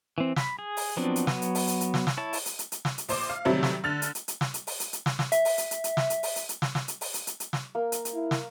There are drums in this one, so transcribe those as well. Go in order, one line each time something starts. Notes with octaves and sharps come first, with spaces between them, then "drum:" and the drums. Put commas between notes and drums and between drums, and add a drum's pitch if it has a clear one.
E3 C4
B5, drum: snare
G#4
drum: open hi-hat
F3 F#3 B3 C4 D4
drum: hi-hat
F#3 B3, drum: snare
drum: hi-hat
drum: open hi-hat
drum: hi-hat
drum: hi-hat
drum: snare
drum: snare
E4 C#5 A5
drum: open hi-hat
drum: hi-hat
drum: hi-hat
drum: hi-hat
drum: snare
drum: hi-hat
A#1 C5 D6, drum: open hi-hat
F5
C3 D#3 F#3 G3 A3 C4
drum: snare
D3 F6 A6 F7
drum: hi-hat
drum: hi-hat
drum: hi-hat
drum: snare
drum: hi-hat
drum: open hi-hat
drum: hi-hat
drum: hi-hat
drum: snare
drum: snare
E5, drum: hi-hat
drum: open hi-hat
drum: hi-hat
drum: hi-hat
drum: hi-hat
drum: snare
drum: hi-hat
drum: open hi-hat
drum: hi-hat
drum: hi-hat
drum: snare
drum: snare
drum: hi-hat
drum: open hi-hat
drum: hi-hat
drum: hi-hat
drum: hi-hat
drum: snare
A#3
drum: hi-hat
drum: hi-hat
E4
drum: snare